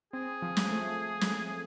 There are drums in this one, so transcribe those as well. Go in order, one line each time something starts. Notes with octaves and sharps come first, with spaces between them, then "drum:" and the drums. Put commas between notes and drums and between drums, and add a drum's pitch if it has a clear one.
C4 G#4
F3
drum: snare
A3
drum: snare